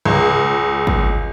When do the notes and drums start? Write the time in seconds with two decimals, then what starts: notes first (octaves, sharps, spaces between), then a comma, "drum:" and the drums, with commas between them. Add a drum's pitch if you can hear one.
0.06 C#2
0.87 drum: kick